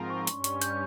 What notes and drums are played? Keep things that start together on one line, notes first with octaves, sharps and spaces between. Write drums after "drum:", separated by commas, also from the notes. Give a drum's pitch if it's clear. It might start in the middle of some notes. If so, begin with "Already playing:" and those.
Already playing: G#2 F3 C4 F4 A#4
C#6
G2 G3 C#4 C6, drum: hi-hat
C#6, drum: hi-hat
G6, drum: hi-hat